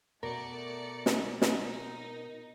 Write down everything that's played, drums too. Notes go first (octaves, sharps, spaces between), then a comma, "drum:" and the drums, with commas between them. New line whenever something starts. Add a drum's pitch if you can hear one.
B2 A3 A#4 D5 C#7
drum: snare
drum: snare
D#4